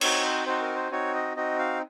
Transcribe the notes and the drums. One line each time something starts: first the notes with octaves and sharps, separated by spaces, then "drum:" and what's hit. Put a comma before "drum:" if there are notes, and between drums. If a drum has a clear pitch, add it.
C4 D#4 F#4 C#5, drum: cymbal
C5
C4 D#4 F#4 C5
A#4
C5
C4 D#4 F#4 C#5
D#5
C4 D#4 F#4 D#5
F5